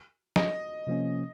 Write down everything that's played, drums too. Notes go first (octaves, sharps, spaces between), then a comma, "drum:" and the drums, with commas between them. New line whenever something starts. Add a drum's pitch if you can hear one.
D#5, drum: snare
C3 F3 A#3 C#4